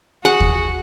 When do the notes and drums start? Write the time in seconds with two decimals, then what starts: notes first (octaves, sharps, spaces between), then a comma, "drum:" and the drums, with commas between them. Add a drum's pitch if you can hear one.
0.25 F#4 G#4 F#5
0.40 drum: kick D#2